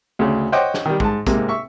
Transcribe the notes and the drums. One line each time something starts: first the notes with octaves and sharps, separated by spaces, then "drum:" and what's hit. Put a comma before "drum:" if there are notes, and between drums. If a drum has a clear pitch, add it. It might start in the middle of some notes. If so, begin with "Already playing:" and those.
D2 C#3
C5 C#5 D#5 F#5 G5 D6
drum: snare
D#3 G3
G#2 A5, drum: kick
G#2 C3 A#3, drum: kick, hi-hat
E5 C#6